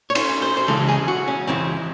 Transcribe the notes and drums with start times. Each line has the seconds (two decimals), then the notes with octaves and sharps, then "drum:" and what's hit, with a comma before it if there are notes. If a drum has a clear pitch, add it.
0.10 C#5
0.15 C5, drum: cymbal
0.42 C5
0.57 C5
0.68 C#2 C#3 E3 G#3 A4
0.88 G#4
1.08 F#4
1.28 C#4
1.47 C#2 C#3 E3 G#3 C4